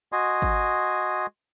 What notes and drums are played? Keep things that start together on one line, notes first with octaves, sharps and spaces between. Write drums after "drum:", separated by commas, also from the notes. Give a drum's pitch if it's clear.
F#4 D#5 G#5 C6
drum: kick G#1